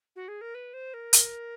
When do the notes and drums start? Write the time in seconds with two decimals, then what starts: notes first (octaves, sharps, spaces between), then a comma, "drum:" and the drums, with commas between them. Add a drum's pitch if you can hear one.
0.16 F#4
0.28 G#4
0.41 A#4
0.54 B4
0.73 C5
0.94 A#4
1.13 drum: hi-hat